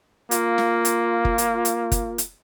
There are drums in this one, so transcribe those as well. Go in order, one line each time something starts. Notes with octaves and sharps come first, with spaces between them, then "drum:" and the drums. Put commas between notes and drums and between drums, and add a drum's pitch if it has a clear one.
A#3 F4, drum: hi-hat
drum: snare
drum: hi-hat
drum: kick
drum: hi-hat
drum: hi-hat
drum: kick, hi-hat
drum: hi-hat